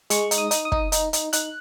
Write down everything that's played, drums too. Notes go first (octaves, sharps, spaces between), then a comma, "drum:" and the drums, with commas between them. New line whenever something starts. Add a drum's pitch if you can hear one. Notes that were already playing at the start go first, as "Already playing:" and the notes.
G#3 C#6, drum: hi-hat
D#4, drum: hi-hat
D#6
D#4, drum: hi-hat
D#6
D#4, drum: kick
D#4, drum: hi-hat
D#4, drum: hi-hat
D#4 F#6, drum: hi-hat